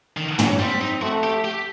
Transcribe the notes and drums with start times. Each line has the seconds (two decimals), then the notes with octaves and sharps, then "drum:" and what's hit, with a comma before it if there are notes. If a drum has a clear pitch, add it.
0.17 D#3
0.39 F#3, drum: tom
0.59 G3 C4
0.81 D#4
1.02 A3 F#4
1.23 G4
1.45 G4